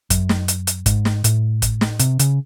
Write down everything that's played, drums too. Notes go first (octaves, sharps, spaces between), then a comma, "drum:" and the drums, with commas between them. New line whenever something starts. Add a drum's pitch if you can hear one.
F#2, drum: kick, hi-hat
drum: snare
drum: hi-hat
drum: hi-hat
G#2, drum: kick, hi-hat
drum: snare
A2, drum: hi-hat
drum: kick, hi-hat
drum: snare
C3, drum: hi-hat
C#3, drum: hi-hat